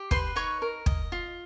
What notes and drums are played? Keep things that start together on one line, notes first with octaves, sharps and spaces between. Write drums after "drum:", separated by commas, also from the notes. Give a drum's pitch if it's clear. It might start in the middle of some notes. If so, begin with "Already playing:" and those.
Already playing: G4
B4 C5 C6, drum: kick
D#4 C#5 C#6
A#4
D#5, drum: kick
F4